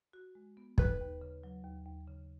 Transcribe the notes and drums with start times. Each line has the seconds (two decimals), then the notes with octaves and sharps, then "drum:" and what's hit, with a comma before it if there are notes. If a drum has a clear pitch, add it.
0.13 F#4
0.35 G#3
0.57 B3
0.78 D#2 B4, drum: kick
1.00 D#2
1.21 C#3
1.43 F#3
1.65 D#2
1.86 D#2
2.08 C#3